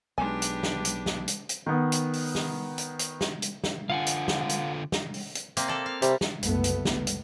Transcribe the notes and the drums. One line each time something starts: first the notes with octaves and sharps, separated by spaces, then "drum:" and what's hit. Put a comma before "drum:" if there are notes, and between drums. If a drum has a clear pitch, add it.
B1 G#3 D4 G4 B4 G#5
drum: hi-hat
drum: snare
drum: hi-hat
drum: snare
drum: hi-hat
drum: hi-hat
D#3 B3
drum: hi-hat
drum: open hi-hat
drum: snare
drum: hi-hat
drum: hi-hat
drum: snare
drum: hi-hat
drum: snare
D3 F4 F5 F#5 G#5
drum: hi-hat
drum: snare
drum: hi-hat
drum: snare
drum: open hi-hat
drum: hi-hat
C3 A#3 C4, drum: hi-hat
A#3 A4 D5
F5
C3 G3, drum: hi-hat
drum: snare
F#1 C2 A3 B3, drum: hi-hat
drum: hi-hat
drum: snare
drum: hi-hat